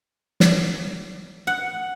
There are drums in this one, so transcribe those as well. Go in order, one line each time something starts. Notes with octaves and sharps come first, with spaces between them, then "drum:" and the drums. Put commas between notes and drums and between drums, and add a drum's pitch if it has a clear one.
drum: snare
F#5